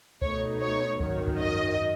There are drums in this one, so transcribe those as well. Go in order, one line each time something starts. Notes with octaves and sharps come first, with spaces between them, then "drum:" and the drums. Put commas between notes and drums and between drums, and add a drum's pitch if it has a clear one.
B2 A3 D#4 C#5, drum: kick C#2
C#5
G#1 F#2 D#3 F#3, drum: kick C#2
drum: kick C#2
D#5